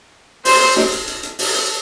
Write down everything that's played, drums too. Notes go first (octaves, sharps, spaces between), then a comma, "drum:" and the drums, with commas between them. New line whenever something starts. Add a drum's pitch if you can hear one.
C5, drum: open hi-hat
drum: hi-hat
drum: snare
drum: hi-hat
drum: hi-hat
drum: hi-hat
drum: open hi-hat
drum: hi-hat